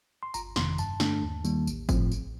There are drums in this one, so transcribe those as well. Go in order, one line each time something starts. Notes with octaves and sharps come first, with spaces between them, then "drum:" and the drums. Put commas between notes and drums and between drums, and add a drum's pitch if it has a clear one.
C6
G1 A#5, drum: tambourine
F2 C3 D#3 C6, drum: snare
G2 A5, drum: tambourine
D3 A3 D4, drum: snare
D#2
D#3 G3 A#3, drum: tambourine
A1, drum: tambourine
A2 F3 C4, drum: kick G1, tambourine
A#1, drum: tambourine